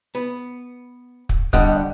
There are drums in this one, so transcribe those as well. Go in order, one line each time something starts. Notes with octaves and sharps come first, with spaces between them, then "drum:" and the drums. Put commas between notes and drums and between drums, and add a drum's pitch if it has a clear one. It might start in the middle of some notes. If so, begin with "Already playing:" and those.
B3
drum: kick
D3 G3 D#5 F#5, drum: kick